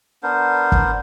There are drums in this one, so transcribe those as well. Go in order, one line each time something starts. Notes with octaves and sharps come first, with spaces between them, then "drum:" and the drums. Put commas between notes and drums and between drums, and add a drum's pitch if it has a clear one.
B3 D4 A#4 C5
drum: kick